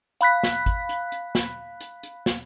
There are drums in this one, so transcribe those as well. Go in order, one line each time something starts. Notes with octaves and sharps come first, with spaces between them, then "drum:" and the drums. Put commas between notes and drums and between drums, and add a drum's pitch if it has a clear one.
F5 B5 F#6 B6, drum: hi-hat
drum: snare
drum: kick G#1, hi-hat
drum: hi-hat
drum: hi-hat
drum: snare
drum: hi-hat
drum: hi-hat
drum: snare